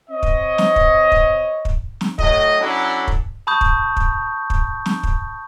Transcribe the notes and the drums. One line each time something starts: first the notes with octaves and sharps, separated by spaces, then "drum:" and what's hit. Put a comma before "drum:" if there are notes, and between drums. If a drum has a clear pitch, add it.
C4 C#5 D#5
drum: kick
drum: snare
drum: kick
drum: kick
drum: kick
drum: snare
A2 F#3 D#5, drum: kick
F#3 C#4 D4 E4 A4
drum: kick
A5 B5 C#6 D#6 G6
drum: kick
drum: kick
drum: kick
drum: snare
drum: kick